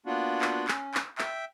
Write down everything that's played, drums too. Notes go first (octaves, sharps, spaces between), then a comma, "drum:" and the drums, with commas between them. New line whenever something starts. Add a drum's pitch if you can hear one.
A#3 B3 D4 F4 F#4
drum: clap
C#4, drum: clap
drum: clap
E5 G5, drum: clap